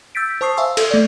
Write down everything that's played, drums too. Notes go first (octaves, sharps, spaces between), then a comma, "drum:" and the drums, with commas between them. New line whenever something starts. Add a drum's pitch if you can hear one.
E6 G6 A6 B6 D7
C5 A5 C#6 D#6 C7
E5 F5 G#5 C6 E6
A4 E5, drum: cymbal
A3 D5